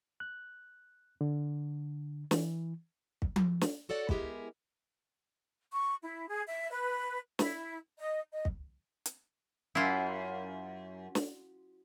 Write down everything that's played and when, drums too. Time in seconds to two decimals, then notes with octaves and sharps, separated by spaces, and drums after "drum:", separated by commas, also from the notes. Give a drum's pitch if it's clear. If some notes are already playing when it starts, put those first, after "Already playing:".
0.20 F#6
1.21 D3
2.31 E3, drum: snare
3.22 drum: kick
3.36 drum: tom F3
3.61 drum: snare
3.89 F#4 A4 C#5 D5 F#5
4.09 G#3 B3 E4 G4 G#4 A#4, drum: kick
5.72 C#6
6.03 E4
6.28 G#4
6.47 E5
6.71 B4
7.39 E4, drum: snare
7.98 D#5
8.32 D#5
8.45 drum: kick
9.06 drum: hi-hat
9.75 F#2 E4 F4
11.15 drum: snare